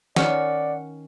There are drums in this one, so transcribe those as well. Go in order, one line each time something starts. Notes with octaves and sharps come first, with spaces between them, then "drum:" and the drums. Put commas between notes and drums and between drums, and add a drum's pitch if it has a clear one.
D#3 C#4 D5 F#5, drum: snare